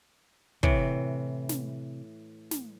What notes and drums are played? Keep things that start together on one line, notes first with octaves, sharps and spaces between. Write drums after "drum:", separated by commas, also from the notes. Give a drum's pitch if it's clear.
A2 C3 E3, drum: kick
drum: snare
drum: snare